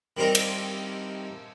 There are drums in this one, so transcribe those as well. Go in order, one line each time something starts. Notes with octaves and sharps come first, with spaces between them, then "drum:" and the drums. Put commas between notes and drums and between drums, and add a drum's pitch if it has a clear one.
D#3 G3 C4 D#4 A#4
drum: cymbal